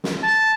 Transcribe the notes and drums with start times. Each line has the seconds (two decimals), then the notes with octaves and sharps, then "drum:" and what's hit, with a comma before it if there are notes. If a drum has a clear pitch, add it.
0.04 drum: snare
0.23 A5